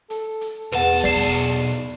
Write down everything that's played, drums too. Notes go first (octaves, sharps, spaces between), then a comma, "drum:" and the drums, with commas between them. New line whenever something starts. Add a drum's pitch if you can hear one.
A4, drum: hi-hat
drum: hi-hat
B1 E2 B4 F#5 A5, drum: hi-hat
D5 C7, drum: snare
drum: hi-hat